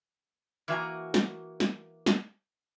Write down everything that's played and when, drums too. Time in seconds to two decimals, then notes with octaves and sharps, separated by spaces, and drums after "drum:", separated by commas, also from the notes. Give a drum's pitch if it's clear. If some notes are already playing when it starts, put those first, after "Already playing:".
0.68 E3 A#3 F#4 F5 G#5 A#5
1.14 drum: snare
1.60 drum: snare
2.06 drum: snare